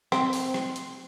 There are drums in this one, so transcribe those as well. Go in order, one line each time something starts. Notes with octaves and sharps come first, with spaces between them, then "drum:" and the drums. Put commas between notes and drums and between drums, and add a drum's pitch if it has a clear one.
C4, drum: rim click
drum: open hi-hat
drum: rim click
drum: hi-hat